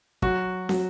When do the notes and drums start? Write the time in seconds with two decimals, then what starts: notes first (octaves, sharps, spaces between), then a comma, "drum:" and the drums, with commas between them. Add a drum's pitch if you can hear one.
0.22 F#3 F#4, drum: kick
0.69 F#3, drum: snare